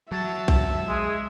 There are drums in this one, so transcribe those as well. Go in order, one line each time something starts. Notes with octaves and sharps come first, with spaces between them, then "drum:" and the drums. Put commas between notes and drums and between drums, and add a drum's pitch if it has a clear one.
F#3 E5 A5
drum: kick B1
G#3 G#4